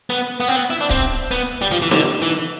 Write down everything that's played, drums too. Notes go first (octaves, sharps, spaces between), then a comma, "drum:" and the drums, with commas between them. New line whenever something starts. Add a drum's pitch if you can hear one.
B3
B3
C4
B3
E4
D4
C4, drum: kick
B3
G3
F3
E3
D3, drum: snare D#4
E3